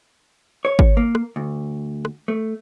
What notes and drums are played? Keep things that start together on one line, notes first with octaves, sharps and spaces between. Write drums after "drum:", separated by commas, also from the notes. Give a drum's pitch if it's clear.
C#5
drum: kick G#1
A#3
drum: rim click
D2
drum: rim click
A3